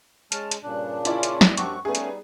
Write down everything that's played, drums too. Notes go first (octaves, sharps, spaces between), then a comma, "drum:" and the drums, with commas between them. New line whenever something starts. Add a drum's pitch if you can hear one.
G#3 C#4 A5 F6, drum: hi-hat
drum: hi-hat
G2 A#2 C#3 D4 F#6
C#4 E4 F4 D5, drum: hi-hat
drum: hi-hat
drum: snare
F#2 C4 D4 G4 F#5 C#6, drum: hi-hat
G3 A3 B3 C#4 D#4 G#4
drum: hi-hat